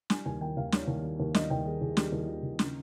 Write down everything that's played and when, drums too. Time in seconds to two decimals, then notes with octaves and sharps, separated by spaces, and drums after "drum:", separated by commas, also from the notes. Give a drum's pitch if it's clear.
0.10 G3 G#5, drum: snare
0.25 D#2 G#5
0.41 D#3 G5
0.57 D#2 F5
0.72 G3 C#5, drum: snare
0.88 D#2
1.03 D#3
1.20 D#2
1.34 G3 D#5, drum: snare
1.50 D#2 G5
1.65 D#3 G#4
1.81 D#2 G#4
1.97 G3 G4, drum: snare
2.12 D#2
2.20 G4
2.27 D#3 F4
2.43 D#2
2.59 C#3, drum: snare